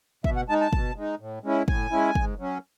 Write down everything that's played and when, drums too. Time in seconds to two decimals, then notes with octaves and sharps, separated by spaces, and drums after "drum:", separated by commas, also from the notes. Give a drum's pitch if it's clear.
0.24 B2 E5, drum: kick
0.36 F#5
0.49 G#3 D#4 A5
0.61 A5
0.73 B2, drum: kick
0.96 G#3 D#4
1.20 A2
1.44 G#3 C#4 E4
1.68 A2 G#5, drum: kick
1.91 G#3 C#4 E4
2.15 G#2, drum: kick
2.39 F#3 C#4